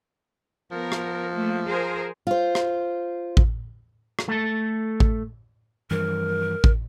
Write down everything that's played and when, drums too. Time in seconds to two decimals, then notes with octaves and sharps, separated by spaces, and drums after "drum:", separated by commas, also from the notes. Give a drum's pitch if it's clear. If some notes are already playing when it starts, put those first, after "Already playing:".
0.71 F3 B3 A#4
0.92 drum: rim click
1.33 A3 A#3
1.67 G#4 A#4 C5
2.27 F4 C5
2.55 drum: rim click
3.37 drum: kick A1
4.19 drum: rim click
4.28 A3 A4
5.00 drum: kick A1
5.91 G2 E3 F3 A#4
6.64 drum: kick A1